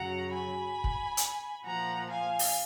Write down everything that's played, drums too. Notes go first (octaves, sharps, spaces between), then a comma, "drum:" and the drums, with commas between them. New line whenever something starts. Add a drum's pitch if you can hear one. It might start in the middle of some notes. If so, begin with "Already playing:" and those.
Already playing: F#2 C#3 F#3 F#5 A#5
G#5 B5
drum: kick
drum: hi-hat
A#2 F3 F#5 A#5
F5 G#5
drum: open hi-hat